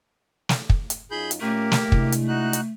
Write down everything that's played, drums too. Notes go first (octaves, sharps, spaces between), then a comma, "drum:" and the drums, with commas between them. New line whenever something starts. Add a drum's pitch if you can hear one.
drum: snare
drum: kick
drum: hi-hat
F#2 D#4 F4 G#4 B5 G6
drum: hi-hat
A#2 A3 A#3 C#4 G4 A#4
drum: snare
C3 G#3 D4 E4, drum: kick
drum: hi-hat
D#4 F#4 F#6
drum: hi-hat